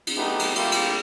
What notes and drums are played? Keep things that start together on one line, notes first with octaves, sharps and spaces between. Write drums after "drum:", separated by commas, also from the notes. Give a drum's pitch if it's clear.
drum: cymbal
F#3 A3 B3 D#4 G4
drum: cymbal
A3 A#3 E4 F4 G4, drum: cymbal
drum: cymbal